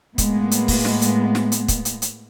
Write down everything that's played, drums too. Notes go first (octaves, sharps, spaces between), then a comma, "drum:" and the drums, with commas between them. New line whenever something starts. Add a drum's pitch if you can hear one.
A2 G#3 A#3 B3, drum: kick, hi-hat
drum: hi-hat
drum: kick, open hi-hat
drum: snare
drum: hi-hat
drum: snare
drum: hi-hat
drum: kick, hi-hat
drum: hi-hat
drum: hi-hat